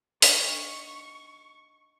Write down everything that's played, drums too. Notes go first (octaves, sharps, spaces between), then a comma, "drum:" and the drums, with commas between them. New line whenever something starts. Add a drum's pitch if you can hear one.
D4 B4 C#5 D#5 F5 F#5 C#6, drum: open hi-hat